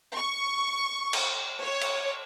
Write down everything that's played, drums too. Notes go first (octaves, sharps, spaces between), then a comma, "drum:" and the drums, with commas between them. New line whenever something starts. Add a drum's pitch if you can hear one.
C#6
drum: cymbal
C#5
drum: cymbal